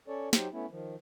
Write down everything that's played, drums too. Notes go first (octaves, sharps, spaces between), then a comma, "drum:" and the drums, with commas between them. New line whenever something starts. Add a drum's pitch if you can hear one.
C#4 A4 C#5 D5
F#3 D#4 G4 C5, drum: snare
A3 B3 C#4 E4
D#3 F3